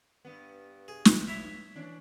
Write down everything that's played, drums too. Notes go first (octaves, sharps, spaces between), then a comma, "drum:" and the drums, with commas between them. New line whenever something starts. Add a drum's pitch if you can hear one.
G2 B3
G#4
drum: snare
E4 C#5 E5
E3 C#4 D4